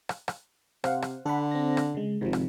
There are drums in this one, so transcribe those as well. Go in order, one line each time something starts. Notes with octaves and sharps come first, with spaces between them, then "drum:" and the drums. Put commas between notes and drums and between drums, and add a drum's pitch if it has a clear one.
drum: rim click
drum: rim click
C3 C5 F5 F#5, drum: rim click
drum: rim click
D3 A4 F#5 B5
C4 A#6
drum: rim click
C#3 G#3
G#1 C3 F3
drum: rim click